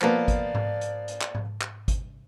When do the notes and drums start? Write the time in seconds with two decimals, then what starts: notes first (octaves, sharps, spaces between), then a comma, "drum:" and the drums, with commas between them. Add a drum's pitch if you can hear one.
0.01 F3 A#3 B3 D5, drum: clap
0.28 drum: kick G#1, hi-hat
0.55 drum: tom G#2
0.81 drum: hi-hat
1.08 drum: hi-hat
1.21 drum: clap
1.35 drum: tom G#2
1.61 drum: clap
1.88 drum: kick G#1, hi-hat